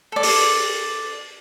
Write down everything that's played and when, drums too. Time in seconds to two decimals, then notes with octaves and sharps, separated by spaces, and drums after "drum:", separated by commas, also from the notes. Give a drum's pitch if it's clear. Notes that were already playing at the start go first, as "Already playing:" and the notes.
0.12 A4 D5
0.23 drum: open hi-hat